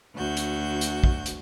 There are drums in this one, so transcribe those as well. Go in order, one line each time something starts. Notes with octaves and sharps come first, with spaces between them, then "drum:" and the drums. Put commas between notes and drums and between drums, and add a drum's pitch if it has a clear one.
D2 F#4 G6
drum: hi-hat
drum: hi-hat
drum: kick A#1
drum: hi-hat